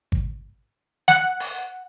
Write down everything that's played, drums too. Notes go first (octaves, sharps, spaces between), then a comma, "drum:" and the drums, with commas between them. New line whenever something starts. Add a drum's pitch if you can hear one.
drum: kick G#1
F#5, drum: snare
drum: open hi-hat